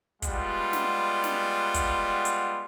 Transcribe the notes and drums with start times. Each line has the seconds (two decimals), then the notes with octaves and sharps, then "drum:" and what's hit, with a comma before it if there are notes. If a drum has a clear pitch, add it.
0.22 G3 G#3 B3 F4 F#5, drum: kick, hi-hat
0.73 drum: snare
1.24 drum: snare
1.74 drum: kick, hi-hat
2.25 drum: hi-hat